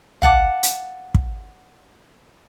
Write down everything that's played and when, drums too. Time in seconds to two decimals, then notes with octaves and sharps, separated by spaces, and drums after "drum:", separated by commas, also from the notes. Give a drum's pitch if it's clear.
0.22 F5 F#5 A5 D6, drum: tom
0.63 drum: hi-hat
1.14 drum: kick